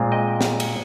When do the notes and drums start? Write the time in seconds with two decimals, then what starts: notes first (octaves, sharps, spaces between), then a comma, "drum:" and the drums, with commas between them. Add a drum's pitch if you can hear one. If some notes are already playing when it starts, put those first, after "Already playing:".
Already playing: A#2 G#3 C4 F4
0.12 D#5 G5
0.41 drum: snare
0.60 drum: cymbal